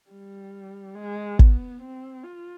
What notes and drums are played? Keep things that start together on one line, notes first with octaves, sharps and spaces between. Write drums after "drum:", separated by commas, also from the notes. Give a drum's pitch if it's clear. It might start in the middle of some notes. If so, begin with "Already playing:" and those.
G3
G#3
B3, drum: kick
C4
F4